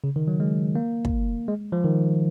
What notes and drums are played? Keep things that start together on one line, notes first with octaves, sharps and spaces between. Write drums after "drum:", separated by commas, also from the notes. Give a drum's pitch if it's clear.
C#3
D#3
F#3
G#3
A#3
drum: kick
G#3
F3
D#3